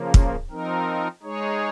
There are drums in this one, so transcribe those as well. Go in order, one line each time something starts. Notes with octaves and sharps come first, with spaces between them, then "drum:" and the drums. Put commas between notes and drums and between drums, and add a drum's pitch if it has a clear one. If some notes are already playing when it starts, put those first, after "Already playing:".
Already playing: C#3 F3 A#3
drum: kick
F3 C4 D#4 A#4
G#3 D#4 G#4 C#5